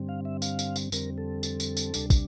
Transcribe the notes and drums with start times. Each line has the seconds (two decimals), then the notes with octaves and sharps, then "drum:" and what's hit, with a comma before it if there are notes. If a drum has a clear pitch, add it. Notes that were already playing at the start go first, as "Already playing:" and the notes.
Already playing: G2 D3 G3 C4
0.09 F5
0.25 E5
0.42 F5, drum: tambourine
0.59 drum: tambourine
0.76 drum: tambourine
0.92 F2 D3 G3 C4 A#4, drum: tambourine
1.18 A4
1.43 drum: tambourine
1.60 drum: tambourine
1.77 drum: tambourine
1.94 D2 C3 G3 D4, drum: tambourine
2.10 drum: kick, tambourine